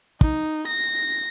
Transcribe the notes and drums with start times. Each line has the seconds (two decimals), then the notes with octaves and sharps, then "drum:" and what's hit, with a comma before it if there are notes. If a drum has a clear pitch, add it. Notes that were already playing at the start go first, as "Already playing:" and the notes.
0.21 D#4, drum: kick
0.68 A#6